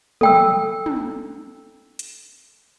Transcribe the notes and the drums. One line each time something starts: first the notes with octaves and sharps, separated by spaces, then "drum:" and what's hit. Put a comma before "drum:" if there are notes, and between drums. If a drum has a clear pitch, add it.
A4 G5 E6, drum: tom
drum: tom
drum: hi-hat